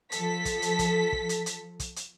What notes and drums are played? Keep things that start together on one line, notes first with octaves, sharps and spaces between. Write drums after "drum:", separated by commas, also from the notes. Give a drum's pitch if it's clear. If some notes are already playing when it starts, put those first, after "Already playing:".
F3 A4 B6, drum: hi-hat
drum: kick, hi-hat
drum: hi-hat
drum: kick, hi-hat
drum: kick
drum: hi-hat
drum: hi-hat
drum: kick, hi-hat
drum: hi-hat